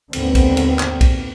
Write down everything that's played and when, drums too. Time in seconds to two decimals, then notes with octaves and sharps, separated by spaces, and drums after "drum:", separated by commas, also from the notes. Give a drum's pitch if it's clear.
0.13 D#2 G#2 D3 B3 C4, drum: cymbal
0.35 drum: kick B1, cymbal
0.57 drum: cymbal
0.79 drum: clap
1.01 drum: kick B1, cymbal